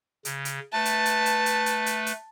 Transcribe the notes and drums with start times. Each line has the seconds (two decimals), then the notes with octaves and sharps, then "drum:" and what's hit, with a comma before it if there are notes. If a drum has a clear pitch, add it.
0.25 C#3, drum: hi-hat
0.45 drum: hi-hat
0.73 A3 B4 A5
0.85 drum: hi-hat
1.06 drum: hi-hat
1.26 drum: hi-hat
1.46 drum: hi-hat
1.66 drum: hi-hat
1.86 drum: hi-hat
2.06 drum: hi-hat